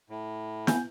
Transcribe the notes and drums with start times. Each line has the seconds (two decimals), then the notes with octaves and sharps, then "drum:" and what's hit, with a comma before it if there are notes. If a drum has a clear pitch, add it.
0.10 A2
0.67 B3 G#5 G6, drum: snare